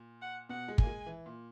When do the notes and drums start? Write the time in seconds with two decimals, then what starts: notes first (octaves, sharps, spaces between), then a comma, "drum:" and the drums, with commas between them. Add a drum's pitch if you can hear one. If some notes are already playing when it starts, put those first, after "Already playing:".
Already playing: A#2
0.22 F#5
0.49 B2 F#5
0.68 G#3
0.78 A#3 G#5, drum: kick
0.87 G#3
1.06 E3
1.26 A#2